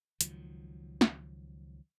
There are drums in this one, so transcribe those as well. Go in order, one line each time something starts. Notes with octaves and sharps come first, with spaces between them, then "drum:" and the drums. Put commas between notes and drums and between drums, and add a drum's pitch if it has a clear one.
C#2 D#3 F3 F#3, drum: hi-hat
drum: snare